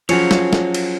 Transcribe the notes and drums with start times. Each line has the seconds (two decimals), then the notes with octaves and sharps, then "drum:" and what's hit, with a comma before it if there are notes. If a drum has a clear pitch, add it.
0.09 F3 F#3 C#4 G#4 C#5, drum: cymbal
0.31 drum: snare
0.53 drum: snare
0.74 drum: cymbal